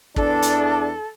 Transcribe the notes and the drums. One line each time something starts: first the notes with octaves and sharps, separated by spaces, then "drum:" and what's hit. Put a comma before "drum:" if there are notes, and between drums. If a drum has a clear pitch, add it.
E2 D4 A4, drum: kick
drum: hi-hat